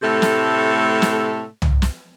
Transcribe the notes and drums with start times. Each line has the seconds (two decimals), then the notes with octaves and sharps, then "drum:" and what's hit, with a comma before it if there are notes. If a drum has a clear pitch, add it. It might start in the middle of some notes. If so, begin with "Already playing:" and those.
0.02 A2 C3 A3 A4
0.22 drum: snare
1.02 drum: snare
1.62 drum: tom C2
1.82 drum: snare